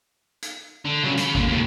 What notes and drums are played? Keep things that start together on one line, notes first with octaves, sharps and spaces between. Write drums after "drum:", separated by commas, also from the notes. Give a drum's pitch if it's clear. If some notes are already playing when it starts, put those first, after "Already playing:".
drum: hi-hat
D3
C#3 F#3
C#3 B5, drum: hi-hat
D3 A#3, drum: kick G#1
D#2 A2